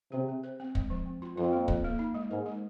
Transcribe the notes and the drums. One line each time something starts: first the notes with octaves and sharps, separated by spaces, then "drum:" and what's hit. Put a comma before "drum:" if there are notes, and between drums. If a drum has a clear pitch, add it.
C3 G#4
C4
C5
C4
G#3, drum: kick
F3
C4
F4
F2 F4
A#3
C5, drum: kick
A#3
D#4
G#3
G#2 A#4
G#3